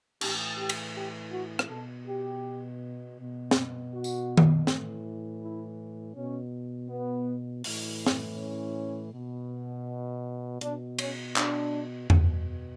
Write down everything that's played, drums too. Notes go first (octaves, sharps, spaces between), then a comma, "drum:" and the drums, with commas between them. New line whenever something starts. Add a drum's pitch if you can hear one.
A2 E3 G4, drum: cymbal
G4
drum: cymbal
G4
F#4
drum: rim click
B2 A4
G4
B2
drum: snare
F#4
drum: tambourine
drum: tom D#3
A2 E3, drum: snare
E4
B2 C#4
B3
A2 E3, drum: open hi-hat
drum: snare
C#4
B2
B2 D4, drum: hi-hat
C#4, drum: cymbal
D4, drum: clap
B2, drum: tom E2